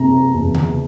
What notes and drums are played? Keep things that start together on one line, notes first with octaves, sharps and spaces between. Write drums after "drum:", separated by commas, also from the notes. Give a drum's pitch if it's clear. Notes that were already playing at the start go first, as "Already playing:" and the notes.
Already playing: C3 A#5
E2
drum: tom C#3